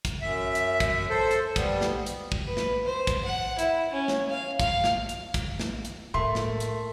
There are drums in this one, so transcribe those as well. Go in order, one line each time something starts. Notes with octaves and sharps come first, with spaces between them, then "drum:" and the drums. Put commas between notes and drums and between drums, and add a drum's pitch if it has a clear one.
drum: kick, hi-hat
F#2 E5
drum: hi-hat
drum: kick, hi-hat
A4 C5
drum: hi-hat
G3 B3, drum: kick, hi-hat
drum: snare
drum: hi-hat
drum: kick
B4
drum: snare
C5
drum: kick, hi-hat
F#5
E4, drum: hi-hat
C#4
drum: snare
F5
F5, drum: kick, hi-hat
drum: snare
drum: hi-hat
drum: kick, hi-hat
drum: snare
drum: hi-hat
A2 A3 A#4 C6
drum: snare
drum: hi-hat